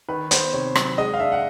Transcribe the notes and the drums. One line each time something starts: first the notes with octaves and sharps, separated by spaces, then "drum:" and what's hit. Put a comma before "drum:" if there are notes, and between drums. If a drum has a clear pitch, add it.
D#3 B4
B3 C5, drum: hi-hat
C3 C#5
F#3, drum: rim click
G#3 D#5
F5
D4 E5
F#5